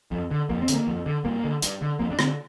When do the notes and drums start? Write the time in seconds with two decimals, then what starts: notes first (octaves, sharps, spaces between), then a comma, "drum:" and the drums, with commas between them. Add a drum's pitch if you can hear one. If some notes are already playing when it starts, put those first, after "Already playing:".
0.11 F2
0.31 D3
0.49 F2 A#3
0.62 C4
0.68 D3, drum: hi-hat
0.74 A#3
0.87 F2
1.06 D3
1.24 G2 A#3
1.44 D3
1.62 G2, drum: hi-hat
1.81 D3
1.99 F2 A#3
2.10 D4
2.19 D3 C4, drum: rim click